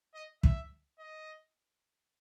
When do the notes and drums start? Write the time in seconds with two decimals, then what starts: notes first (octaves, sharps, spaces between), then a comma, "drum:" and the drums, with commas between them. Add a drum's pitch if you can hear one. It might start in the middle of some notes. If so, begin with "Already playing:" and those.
0.15 D#5
0.43 E5, drum: kick
0.99 D#5